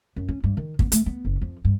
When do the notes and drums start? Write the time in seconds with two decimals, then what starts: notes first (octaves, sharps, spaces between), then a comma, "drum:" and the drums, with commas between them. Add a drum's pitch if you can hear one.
0.16 F#2
0.28 C#4
0.44 G2
0.57 D#3
0.79 B3, drum: kick
0.92 A3, drum: hi-hat
1.06 B3
1.25 F#1
1.41 F2
1.65 G2